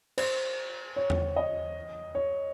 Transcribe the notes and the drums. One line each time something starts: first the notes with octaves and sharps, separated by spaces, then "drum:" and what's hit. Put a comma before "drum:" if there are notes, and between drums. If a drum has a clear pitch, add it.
C5, drum: cymbal
C#5
drum: tom E2
D#5
C#5